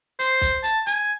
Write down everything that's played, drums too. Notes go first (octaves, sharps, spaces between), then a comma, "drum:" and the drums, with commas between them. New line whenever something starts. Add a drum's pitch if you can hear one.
C5, drum: hi-hat
drum: kick, hi-hat
A5, drum: hi-hat
G#5, drum: hi-hat